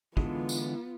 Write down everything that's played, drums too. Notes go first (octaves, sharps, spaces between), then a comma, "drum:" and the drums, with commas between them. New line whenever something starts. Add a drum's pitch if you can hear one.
D3 E3 G#3 B3 F4, drum: kick
drum: tambourine